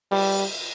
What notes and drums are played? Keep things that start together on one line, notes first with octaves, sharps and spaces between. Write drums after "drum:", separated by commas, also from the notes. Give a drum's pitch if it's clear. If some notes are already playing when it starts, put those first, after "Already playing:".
G3, drum: cymbal